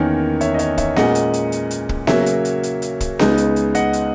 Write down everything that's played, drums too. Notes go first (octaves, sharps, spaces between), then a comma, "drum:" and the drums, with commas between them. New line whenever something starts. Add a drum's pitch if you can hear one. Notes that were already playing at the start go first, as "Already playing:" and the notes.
Already playing: E2 D#3 A#3 C#4 A#4 C#5
C#5 E5, drum: hi-hat
D#5
C#5 E5, drum: hi-hat
C#5 E5, drum: kick, hi-hat
A#2 G#3 C#4 D#5 F#5, drum: snare B3
drum: hi-hat
drum: hi-hat
drum: hi-hat
drum: hi-hat
drum: kick
C#3 F#3 A#3 C#5 E5, drum: snare B3
drum: hi-hat
drum: hi-hat
drum: hi-hat
drum: hi-hat
drum: kick, hi-hat
C#2 C#3 G#3 B3 D#4, drum: snare B3
drum: hi-hat
drum: hi-hat
D#5 F#5, drum: hi-hat
drum: hi-hat